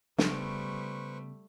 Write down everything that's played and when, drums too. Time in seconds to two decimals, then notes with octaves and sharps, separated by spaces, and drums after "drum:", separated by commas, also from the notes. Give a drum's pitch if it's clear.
0.18 C#3 G3 A3 B3 B4 C5 C#6, drum: snare